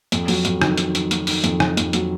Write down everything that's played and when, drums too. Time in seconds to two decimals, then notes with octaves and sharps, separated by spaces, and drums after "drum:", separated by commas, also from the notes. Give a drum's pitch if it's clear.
0.12 F2, drum: hi-hat
0.28 F#3, drum: open hi-hat
0.45 F2, drum: hi-hat
0.62 D#3, drum: rim click
0.78 D#3, drum: hi-hat
0.95 D#3, drum: hi-hat
1.11 F#3, drum: hi-hat
1.27 D#3, drum: open hi-hat
1.44 F2, drum: hi-hat
1.60 D#3, drum: rim click
1.77 F2, drum: hi-hat
1.93 F#3, drum: hi-hat